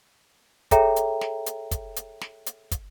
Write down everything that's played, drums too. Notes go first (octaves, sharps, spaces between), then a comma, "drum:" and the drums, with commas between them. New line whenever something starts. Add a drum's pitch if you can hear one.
G#4 A4 C#5 E5 G5 A#5, drum: kick, hi-hat
drum: hi-hat
drum: snare
drum: hi-hat
drum: kick, hi-hat
drum: hi-hat
drum: snare
drum: hi-hat
drum: kick, hi-hat